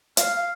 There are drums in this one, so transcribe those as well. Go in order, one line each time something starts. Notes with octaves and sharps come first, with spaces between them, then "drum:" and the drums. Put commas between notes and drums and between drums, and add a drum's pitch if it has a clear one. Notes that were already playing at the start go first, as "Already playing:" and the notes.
F5, drum: hi-hat